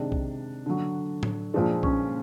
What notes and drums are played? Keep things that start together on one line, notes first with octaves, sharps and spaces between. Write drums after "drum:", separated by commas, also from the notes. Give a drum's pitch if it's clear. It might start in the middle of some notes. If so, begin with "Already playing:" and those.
Already playing: C3 D#3 G#3 D4
drum: kick
D3 F#3
drum: tom A2
A#2 F3 G#3 D4
C#4, drum: kick